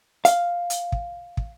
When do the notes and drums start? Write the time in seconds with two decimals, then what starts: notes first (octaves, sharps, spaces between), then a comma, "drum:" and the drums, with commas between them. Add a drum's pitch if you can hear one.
0.25 F5, drum: hi-hat
0.70 drum: hi-hat
0.92 drum: kick
1.37 drum: kick